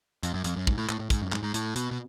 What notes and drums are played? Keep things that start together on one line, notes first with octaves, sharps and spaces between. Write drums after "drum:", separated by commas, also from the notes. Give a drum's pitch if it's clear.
F2, drum: hi-hat
F#2
F2, drum: hi-hat
F#2
G#2, drum: kick
A2
A2, drum: clap
A2
G#2, drum: kick, hi-hat
F#2
G#2, drum: clap
G#2
A2, drum: hi-hat
B2, drum: hi-hat
B2